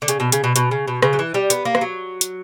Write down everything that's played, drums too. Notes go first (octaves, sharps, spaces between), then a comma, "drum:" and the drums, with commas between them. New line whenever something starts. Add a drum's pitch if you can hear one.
D3
C#3, drum: hi-hat
B2
C#3, drum: hi-hat
B2
B2, drum: hi-hat
C#3
B2
C#3, drum: rim click
F#3
E3
G3
B3, drum: hi-hat
A#3
E3, drum: rim click
F#3
drum: hi-hat